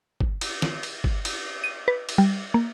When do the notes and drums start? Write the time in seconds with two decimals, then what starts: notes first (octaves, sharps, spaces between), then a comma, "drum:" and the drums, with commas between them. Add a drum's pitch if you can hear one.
0.21 drum: kick
0.41 drum: cymbal
0.62 drum: snare
0.83 drum: cymbal
1.04 drum: kick
1.25 drum: cymbal
1.64 D#7
1.88 B4
2.09 drum: cymbal
2.18 G3
2.54 A#3